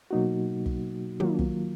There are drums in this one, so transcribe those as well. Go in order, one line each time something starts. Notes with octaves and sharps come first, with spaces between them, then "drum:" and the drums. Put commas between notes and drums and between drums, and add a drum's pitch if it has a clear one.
B2 F#3 A#3 D#4 F#4
drum: kick
D#3 F#3 A#3 F4, drum: tom
drum: kick